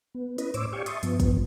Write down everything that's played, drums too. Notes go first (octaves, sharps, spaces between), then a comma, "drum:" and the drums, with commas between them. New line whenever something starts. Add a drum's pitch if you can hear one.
B3
C#4 E4 B4 D#5, drum: hi-hat
A2 C5 C#5 D6 E6, drum: hi-hat
G4 D5 F5 G5 G#5 C#6
E5 A5 C6 C#6 D#6, drum: hi-hat
G2 F3 B3, drum: hi-hat
drum: kick, hi-hat